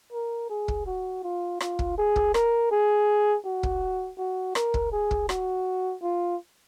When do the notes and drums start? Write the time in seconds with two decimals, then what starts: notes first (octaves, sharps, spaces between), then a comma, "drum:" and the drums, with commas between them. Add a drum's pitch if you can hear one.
0.13 A#4
0.50 G#4
0.68 drum: kick
0.87 F#4
1.24 F4
1.60 F4, drum: rim click
1.79 drum: kick
1.98 G#4
2.16 drum: kick
2.34 A#4, drum: rim click
2.71 G#4
3.45 F#4
3.63 drum: kick
4.18 F#4
4.55 A#4, drum: rim click
4.74 drum: kick
4.92 G#4
5.11 drum: kick
5.29 F#4, drum: rim click
6.03 F4